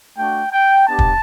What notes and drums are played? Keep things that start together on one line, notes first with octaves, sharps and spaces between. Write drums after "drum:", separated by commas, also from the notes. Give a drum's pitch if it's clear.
A3 D4 F#4 G5
G5
B3 D4 G4 A5
drum: kick